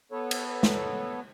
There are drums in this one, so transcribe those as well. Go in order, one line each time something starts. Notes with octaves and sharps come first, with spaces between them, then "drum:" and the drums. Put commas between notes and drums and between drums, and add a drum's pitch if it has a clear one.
B3 A4 B4 C#5
drum: cymbal
drum: snare